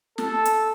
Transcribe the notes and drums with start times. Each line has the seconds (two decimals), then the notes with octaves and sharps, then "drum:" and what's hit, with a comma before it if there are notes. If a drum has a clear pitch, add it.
0.18 A4, drum: snare
0.45 drum: hi-hat